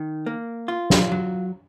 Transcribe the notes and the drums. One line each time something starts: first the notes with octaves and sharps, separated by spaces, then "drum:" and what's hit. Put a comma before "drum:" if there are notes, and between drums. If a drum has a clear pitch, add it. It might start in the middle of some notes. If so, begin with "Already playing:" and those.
Already playing: D#3
A#3
F4
drum: snare
F#3